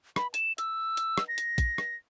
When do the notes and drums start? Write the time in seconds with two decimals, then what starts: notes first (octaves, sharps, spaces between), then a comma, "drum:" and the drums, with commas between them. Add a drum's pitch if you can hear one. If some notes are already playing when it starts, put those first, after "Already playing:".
0.16 B5, drum: rim click
0.34 E7, drum: hi-hat
0.58 E6, drum: hi-hat
0.97 drum: hi-hat
1.18 drum: rim click
1.28 A#6
1.38 drum: hi-hat
1.58 drum: kick, hi-hat
1.78 drum: rim click